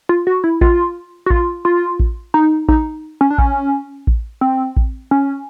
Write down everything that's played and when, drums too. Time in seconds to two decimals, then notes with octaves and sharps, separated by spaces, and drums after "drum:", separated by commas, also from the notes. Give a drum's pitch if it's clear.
0.09 F4
0.27 F#4
0.44 E4
0.61 F4, drum: kick A1
1.26 F#4
1.30 F4, drum: kick A1
1.65 F4
2.00 drum: kick A1
2.34 D#4
2.69 D#4, drum: kick A1
3.21 C#4
3.31 D4
3.38 C#4, drum: kick A1
4.07 drum: kick A1
4.41 C4
4.77 drum: kick A1
5.11 C#4